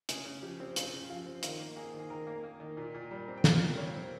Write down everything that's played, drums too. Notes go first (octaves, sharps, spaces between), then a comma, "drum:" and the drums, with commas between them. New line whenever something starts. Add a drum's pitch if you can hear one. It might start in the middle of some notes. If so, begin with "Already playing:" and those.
C#3 G#4, drum: hi-hat
C#3
F3 G4
C4
C#3 F4, drum: hi-hat
C#3
F3 F4
C4
D#3 F4, drum: hi-hat
A#3
A#3 G#4
D#3
G#4
D#3 A#4
A#3
A#3
D#3
A#2
A#2
G3
C4
G5
A#2 F5, drum: snare
A#2
G3 C#5
C4